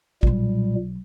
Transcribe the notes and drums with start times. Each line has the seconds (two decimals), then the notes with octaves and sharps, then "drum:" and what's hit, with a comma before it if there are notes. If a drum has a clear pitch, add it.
0.23 B1 A#2 F#3 G3, drum: kick